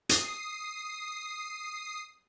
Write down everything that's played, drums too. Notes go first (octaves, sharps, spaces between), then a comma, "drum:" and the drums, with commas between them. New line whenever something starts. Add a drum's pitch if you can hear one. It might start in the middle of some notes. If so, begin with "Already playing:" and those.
D#6 C7, drum: hi-hat